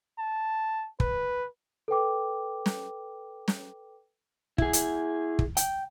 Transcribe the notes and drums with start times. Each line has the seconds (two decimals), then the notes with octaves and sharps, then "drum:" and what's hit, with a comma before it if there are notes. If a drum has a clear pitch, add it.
0.19 A5
1.00 B4, drum: kick
1.88 A4 B4 G5 D6
2.66 drum: snare
3.48 drum: snare
4.58 E4 G#4, drum: kick
4.73 drum: hi-hat
5.39 drum: kick
5.57 G5, drum: hi-hat